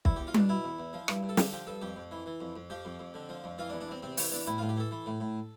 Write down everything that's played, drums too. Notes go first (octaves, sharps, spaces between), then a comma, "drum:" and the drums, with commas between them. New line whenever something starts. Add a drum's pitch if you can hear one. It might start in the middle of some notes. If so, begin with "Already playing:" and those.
E2 E4, drum: kick
E2 G4
F4
B2 D4, drum: tom G3
B2 E4
E2
E2
F3
G2, drum: rim click
G2
A4
D3 G4, drum: snare
F3 G4
G2 A4
F2 G4
F2
E3
E3
F2
F2
F3 G4
F2
F2
D3
F3
F2
E3 F4
D4
E2
D4
E2 C4
C3 C4
E3, drum: open hi-hat
E2 D4
A2 E4
A2 F4
G4
E3 A4
E3
A2
A2